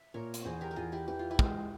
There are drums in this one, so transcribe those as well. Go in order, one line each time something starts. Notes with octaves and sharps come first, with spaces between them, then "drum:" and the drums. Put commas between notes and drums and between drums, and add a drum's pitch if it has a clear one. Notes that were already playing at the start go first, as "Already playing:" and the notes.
Already playing: E5
A#2 A#4 C#5
drum: hi-hat
E2 G#4 C5
G4 A#4
A#4
E2 F4 G#4
E4 G4
E3 G4
F4
E4 G4
G#3, drum: kick